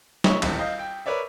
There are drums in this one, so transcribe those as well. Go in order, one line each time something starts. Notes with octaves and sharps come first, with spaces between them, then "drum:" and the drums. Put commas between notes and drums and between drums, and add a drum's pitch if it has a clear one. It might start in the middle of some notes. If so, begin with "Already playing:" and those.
C#5 D#5 E5 C#6, drum: snare
D#1 A1 C4 E5 B6, drum: cymbal
D#5 F5 G6
G5
A#4 B4 C#5 D5 E5